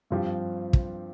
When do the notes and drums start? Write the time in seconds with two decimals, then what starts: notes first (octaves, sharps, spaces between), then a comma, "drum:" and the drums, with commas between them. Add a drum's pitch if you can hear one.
0.11 G2 F3 C4 G4
0.73 drum: kick